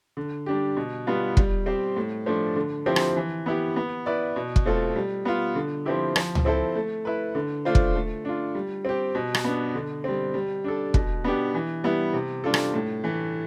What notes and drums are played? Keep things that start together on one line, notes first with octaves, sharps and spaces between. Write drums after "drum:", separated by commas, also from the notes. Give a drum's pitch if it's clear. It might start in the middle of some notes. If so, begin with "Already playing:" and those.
D3
G3 D4 G4
B2
G3 B3 F4
G3, drum: kick
C4 G4 C5
A2
F3 A3 D4
D3
F3 C4 E4 G4
drum: rim click
E3
B3 E4 G4
B3
E4 B4 D5
B2
drum: kick
A3 C4 F4 A4
G3
B3 F4
D3
F3 C4 E4 G4
F3, drum: rim click
drum: tom C#2
C4 E4 A4 C5
A3
E4 B4
D3
A3 D4 F4 C5
drum: kick
A3
D4 F4
G3
C4 G4
B2
drum: rim click
B3 D4
D3
G3 C4
G3
D4 A4
B2, drum: kick
B3 D4 G4
E3
G3 B3 E4
C3
G3 D4 F4 A4
drum: rim click
A2
E3 A3